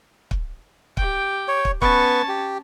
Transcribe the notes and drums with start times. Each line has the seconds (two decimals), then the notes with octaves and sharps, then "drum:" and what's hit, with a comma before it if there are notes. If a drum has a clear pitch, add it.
0.31 drum: kick
0.97 G4 G5, drum: kick
1.48 C#5
1.65 drum: kick
1.82 B3 C#4 B4 A5 C#6, drum: kick
2.28 G4